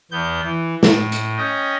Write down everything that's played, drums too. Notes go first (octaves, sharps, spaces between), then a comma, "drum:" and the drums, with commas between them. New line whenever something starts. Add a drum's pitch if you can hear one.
E2 B3 G6
E3
A2, drum: snare
drum: hi-hat
C#4 D#5 G5